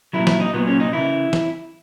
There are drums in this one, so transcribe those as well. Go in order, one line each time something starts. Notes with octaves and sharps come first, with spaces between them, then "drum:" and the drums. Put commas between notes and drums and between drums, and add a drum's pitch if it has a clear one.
A#2 F#3 E4
E4, drum: snare
D#4
A#2 F#3 B3
C#4
D#4
C#3 E3 E4
drum: snare